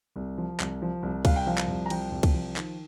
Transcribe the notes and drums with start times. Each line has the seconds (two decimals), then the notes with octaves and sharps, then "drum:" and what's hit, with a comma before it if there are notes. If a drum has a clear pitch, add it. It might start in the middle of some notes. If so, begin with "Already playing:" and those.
0.16 C2
0.38 F3
0.60 C2, drum: clap
0.82 F3
1.03 C2
1.25 C2 F5, drum: kick C#2, cymbal
1.36 G5
1.47 F3 F5
1.58 drum: clap
1.68 C2
1.86 A#5
1.90 F3 G5, drum: cymbal
2.12 C2
2.23 drum: kick C#2, cymbal
2.34 F3
2.56 D#3, drum: clap